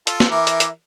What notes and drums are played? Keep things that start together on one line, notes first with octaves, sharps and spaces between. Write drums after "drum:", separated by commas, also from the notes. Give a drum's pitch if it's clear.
F4 A4, drum: hi-hat
drum: snare
E3 A#4 E5 D6
drum: hi-hat
drum: hi-hat